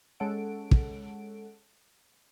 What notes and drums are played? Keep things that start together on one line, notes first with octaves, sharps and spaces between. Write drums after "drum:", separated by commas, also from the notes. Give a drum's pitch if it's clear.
G#3 C#4 A4 C#5 F#5 D7
drum: kick